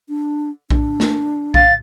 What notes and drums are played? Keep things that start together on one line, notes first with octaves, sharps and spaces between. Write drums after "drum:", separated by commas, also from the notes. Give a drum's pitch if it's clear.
D4
D4, drum: kick A#1
drum: snare A3
F5 A6, drum: kick A#1